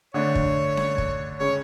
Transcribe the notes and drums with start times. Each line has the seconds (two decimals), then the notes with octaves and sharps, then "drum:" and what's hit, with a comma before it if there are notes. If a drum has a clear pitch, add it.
0.14 D3 A3 D4 C#5
0.35 drum: kick
0.77 drum: snare C#4
0.98 drum: kick
1.39 C#3 G#3 C#4 G#4 C#5